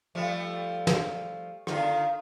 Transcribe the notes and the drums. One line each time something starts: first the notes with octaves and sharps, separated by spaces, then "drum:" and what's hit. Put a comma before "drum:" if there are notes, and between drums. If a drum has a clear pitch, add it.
F3 G3 A3
drum: snare
D3 D#3 F4, drum: rim click